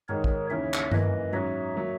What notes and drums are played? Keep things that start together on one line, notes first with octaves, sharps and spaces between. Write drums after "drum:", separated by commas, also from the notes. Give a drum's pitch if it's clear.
G#2 D#3 G#3 D#4 A#4 C#5
drum: kick
D#2 C#3 E3 C#5 E5
drum: clap
F#2 E3 A#3 B4 D#5, drum: tom G2
G#2 F#3 C#4 C#5 E5
F#3 A#3